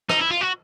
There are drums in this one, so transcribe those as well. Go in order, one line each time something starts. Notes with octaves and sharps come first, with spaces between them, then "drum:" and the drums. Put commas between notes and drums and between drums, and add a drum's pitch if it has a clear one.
D#4, drum: rim click
E4
F4
F#4